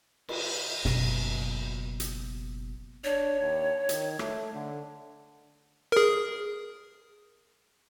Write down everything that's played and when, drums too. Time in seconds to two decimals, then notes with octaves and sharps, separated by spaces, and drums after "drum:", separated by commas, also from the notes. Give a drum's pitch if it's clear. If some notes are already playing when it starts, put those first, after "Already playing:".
0.29 drum: cymbal
0.85 F#1 B2, drum: snare
2.00 drum: hi-hat
3.04 D4 C#5
3.40 D#2
3.89 D#3, drum: hi-hat
4.19 A3, drum: rim click
4.54 D3
5.92 G#4 A#4